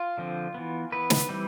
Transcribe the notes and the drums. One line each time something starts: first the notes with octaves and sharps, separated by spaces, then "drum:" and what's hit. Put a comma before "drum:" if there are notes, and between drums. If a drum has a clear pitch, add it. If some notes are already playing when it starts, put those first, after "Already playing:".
Already playing: F4
D3 F3 C4
E3 B3
E3 B3 B4
drum: snare
E3 G3 C4